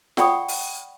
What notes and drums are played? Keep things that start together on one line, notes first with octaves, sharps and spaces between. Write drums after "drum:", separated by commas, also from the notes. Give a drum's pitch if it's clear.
D5 F#5 G5 B5 C#6 D#6, drum: snare F4
drum: open hi-hat